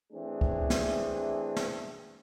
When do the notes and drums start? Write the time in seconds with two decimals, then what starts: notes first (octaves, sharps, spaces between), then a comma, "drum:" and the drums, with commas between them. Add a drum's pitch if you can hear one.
0.13 E3 A3 C4 D4 G#4
0.41 drum: kick C#2
0.70 drum: snare
1.56 drum: snare